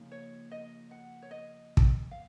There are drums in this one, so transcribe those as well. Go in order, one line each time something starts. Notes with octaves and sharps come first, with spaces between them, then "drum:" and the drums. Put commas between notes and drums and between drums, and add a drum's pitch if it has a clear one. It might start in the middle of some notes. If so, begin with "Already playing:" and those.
Already playing: C#3 F3 A#3 D#4
C#5
D#5
F#5
C#5
D#5
drum: kick
F5